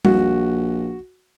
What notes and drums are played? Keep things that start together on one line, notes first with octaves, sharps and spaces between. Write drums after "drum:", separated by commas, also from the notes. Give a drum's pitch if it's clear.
A#1 F#4, drum: tom G3